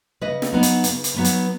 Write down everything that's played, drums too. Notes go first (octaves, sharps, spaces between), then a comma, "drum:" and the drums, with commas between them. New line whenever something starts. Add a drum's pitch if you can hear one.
C#3 B4 D#5
drum: snare
F#3 B3 D#4
drum: hi-hat
C#3, drum: hi-hat
drum: hi-hat
F#3 B3 D#4
drum: hi-hat